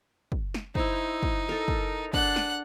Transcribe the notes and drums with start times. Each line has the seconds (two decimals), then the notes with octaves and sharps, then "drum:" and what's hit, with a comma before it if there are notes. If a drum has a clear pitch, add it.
0.32 drum: kick
0.54 drum: snare
0.75 D#4 E4 C5, drum: kick
1.23 drum: kick
1.49 A4 A#4
1.68 drum: kick
2.13 D4 F#5 F#6, drum: kick
2.36 drum: snare